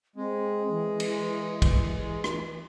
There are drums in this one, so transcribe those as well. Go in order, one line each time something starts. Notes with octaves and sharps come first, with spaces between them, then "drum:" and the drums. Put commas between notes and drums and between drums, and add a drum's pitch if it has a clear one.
G#3 C4
E3
drum: cymbal
drum: kick, cymbal
drum: rim click